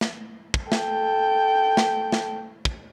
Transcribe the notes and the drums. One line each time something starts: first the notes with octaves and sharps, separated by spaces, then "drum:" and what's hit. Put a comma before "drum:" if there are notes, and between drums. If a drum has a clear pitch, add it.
drum: snare
drum: kick
A4 G5, drum: snare
drum: snare
drum: snare
drum: kick